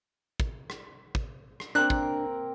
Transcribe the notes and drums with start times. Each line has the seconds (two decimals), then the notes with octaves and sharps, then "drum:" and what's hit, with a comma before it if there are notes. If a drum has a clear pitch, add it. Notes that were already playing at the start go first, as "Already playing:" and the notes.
0.40 drum: kick
0.70 drum: rim click
1.15 drum: kick
1.60 drum: rim click
1.75 A#3 C4 D4 A#4 F#6
1.90 drum: kick